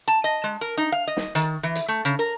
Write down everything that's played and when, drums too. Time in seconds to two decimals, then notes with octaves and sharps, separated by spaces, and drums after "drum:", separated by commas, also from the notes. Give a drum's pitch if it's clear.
0.08 A5
0.24 D#5
0.44 G#3
0.61 A#4
0.77 D#4
0.92 F5
1.07 D#5
1.17 drum: snare
1.35 D#3, drum: hi-hat
1.63 E3
1.76 drum: hi-hat
1.88 A3
2.05 C#3
2.19 A#4